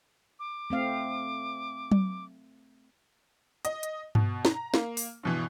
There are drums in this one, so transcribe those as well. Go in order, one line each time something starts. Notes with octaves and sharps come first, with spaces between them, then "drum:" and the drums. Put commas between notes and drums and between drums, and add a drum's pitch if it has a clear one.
D6
A3 C4 F5
drum: tom F#3
D#5, drum: hi-hat
drum: hi-hat
B2, drum: tom G2
A#5, drum: snare
A#3, drum: snare
drum: open hi-hat
G2 B2 E3